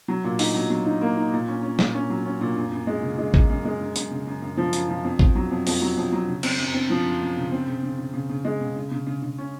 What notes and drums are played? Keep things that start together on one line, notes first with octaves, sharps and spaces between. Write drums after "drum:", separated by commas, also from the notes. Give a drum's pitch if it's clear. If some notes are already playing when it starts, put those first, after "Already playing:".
F#3
A#2
D#4, drum: open hi-hat
F#3
F#3
D#4
A#3
D#4
A#2
C#4
C#4
A#2, drum: snare
C#4
F#3
C#4
A#2
F#2
F#2
G#3
C#3
G#3
F#2, drum: kick A1
F#2
G#3
F#2
F#2, drum: hi-hat
C#3
F#2
F#2
F3
F#2, drum: hi-hat
F3
F2
F2, drum: kick A1
F#3
F2
F2, drum: open hi-hat
F#3
F2
F#3
C#3
C4, drum: cymbal
F#2
C4
F3
F#2
F#2
C#3
C4
C#3
C#3
C#3
C#3
C#3
G#3
C#3
C#3
C#3
C#3
C#3
C#4